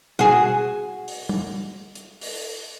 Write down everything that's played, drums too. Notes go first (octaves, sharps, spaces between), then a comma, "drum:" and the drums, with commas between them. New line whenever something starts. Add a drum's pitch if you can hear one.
F#4 G#4, drum: tom
drum: open hi-hat
drum: tom
drum: hi-hat
drum: open hi-hat